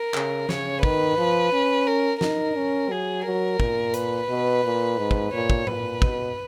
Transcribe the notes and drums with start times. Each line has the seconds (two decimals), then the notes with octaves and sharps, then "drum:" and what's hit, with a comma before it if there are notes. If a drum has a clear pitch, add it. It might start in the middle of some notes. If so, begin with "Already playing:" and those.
Already playing: A#4
0.14 C#3, drum: clap
0.49 C#3 C#5, drum: snare
0.83 D#3 B4, drum: kick
1.18 F3
1.53 C#4
1.87 A#4
2.21 D#4 A#4, drum: snare
2.56 C#4
2.90 F#3 G#4
3.25 F#3 A#4
3.60 A#2, drum: kick
3.94 B4, drum: hi-hat
4.29 B2
4.64 A#2
4.98 G#2
5.11 drum: kick
5.33 A#2 C#5
5.50 drum: kick
5.67 A#2 B4, drum: tom A2
6.02 B2, drum: kick